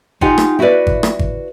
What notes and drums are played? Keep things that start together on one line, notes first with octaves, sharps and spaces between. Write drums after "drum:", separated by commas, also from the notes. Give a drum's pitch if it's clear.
D#4 F4 G4 F#5 G#5, drum: kick G#1
drum: rim click
E4 F#4 G4 A#4 B4 D5
drum: kick G#1
drum: rim click
drum: kick G#1